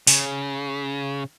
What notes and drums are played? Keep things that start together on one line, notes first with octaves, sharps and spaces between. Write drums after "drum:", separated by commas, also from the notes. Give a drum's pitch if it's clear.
C#3, drum: open hi-hat